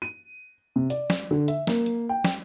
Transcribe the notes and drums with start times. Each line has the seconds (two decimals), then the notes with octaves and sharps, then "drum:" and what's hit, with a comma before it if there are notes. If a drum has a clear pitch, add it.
0.02 D#7
0.76 C3
0.90 D5, drum: hi-hat
1.10 drum: snare
1.31 D3
1.48 E5, drum: hi-hat
1.67 A#3, drum: snare
1.86 drum: hi-hat
2.09 G5
2.25 drum: snare